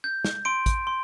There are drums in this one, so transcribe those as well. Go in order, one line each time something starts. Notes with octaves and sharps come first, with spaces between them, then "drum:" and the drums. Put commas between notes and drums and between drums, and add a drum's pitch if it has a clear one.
G6
drum: snare
C6 D7
drum: kick A1, hi-hat
C6